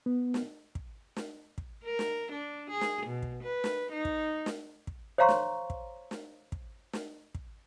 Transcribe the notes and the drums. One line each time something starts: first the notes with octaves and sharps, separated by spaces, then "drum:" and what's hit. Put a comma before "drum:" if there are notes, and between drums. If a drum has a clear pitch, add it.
B3
drum: snare
drum: kick
drum: snare
drum: kick
A#4
drum: snare
D4
G#4
drum: snare
B2
drum: kick
B4
drum: snare
D#4
drum: kick
drum: snare
drum: kick
C5 C#5 F5 A#5 C6 C#6
drum: snare
drum: kick
drum: snare
drum: kick
drum: snare
drum: kick